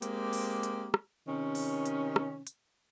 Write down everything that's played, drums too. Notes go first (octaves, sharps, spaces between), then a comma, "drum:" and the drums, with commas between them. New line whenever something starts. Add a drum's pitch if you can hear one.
G#3 A#3 C4 G4, drum: hi-hat
drum: open hi-hat
drum: hi-hat
drum: rim click
C3 D#3 C#4
drum: open hi-hat
drum: hi-hat
drum: rim click
drum: hi-hat